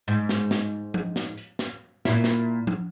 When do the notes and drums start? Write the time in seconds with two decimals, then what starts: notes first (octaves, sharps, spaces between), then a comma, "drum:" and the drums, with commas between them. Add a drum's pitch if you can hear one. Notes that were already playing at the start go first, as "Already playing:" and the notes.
0.08 G#2, drum: hi-hat
0.29 drum: snare
0.51 drum: snare
0.94 drum: tom F3
1.16 drum: snare
1.37 drum: hi-hat
1.59 drum: snare
2.05 A#2 E4, drum: snare
2.24 drum: snare
2.67 drum: tom F3